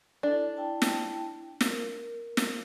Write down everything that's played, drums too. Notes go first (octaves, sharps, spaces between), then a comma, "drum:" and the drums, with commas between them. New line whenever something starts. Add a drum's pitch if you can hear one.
D4 E4 A4
E4 G5 A5
drum: snare
A#4, drum: snare
drum: snare